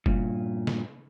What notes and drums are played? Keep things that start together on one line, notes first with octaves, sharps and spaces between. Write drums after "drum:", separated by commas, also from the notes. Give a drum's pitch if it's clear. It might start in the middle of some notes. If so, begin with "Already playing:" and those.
G2 A#2, drum: kick F1
drum: snare